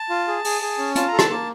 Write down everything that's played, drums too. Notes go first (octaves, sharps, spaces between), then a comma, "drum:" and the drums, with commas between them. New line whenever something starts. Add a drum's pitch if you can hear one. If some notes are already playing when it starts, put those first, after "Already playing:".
Already playing: A5
F4
G#4
G#4, drum: open hi-hat
G#4
C#4
F4 A5, drum: hi-hat
A4 A#5
A5, drum: rim click
A#3